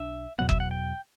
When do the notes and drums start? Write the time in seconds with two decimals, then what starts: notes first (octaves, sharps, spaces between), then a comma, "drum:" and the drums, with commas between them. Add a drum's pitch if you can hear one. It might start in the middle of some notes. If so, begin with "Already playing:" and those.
Already playing: B1 D4 E5
0.38 E2 B2 F#3 B3 F#5
0.49 E5, drum: kick F#1
0.60 F#5
0.71 G5